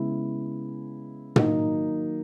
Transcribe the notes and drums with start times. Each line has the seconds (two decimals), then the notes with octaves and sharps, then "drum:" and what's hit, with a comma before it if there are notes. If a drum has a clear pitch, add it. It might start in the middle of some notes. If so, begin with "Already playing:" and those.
Already playing: C#3 G#3 B3 E4
1.36 D#3 F#3 A#3 D#4, drum: tom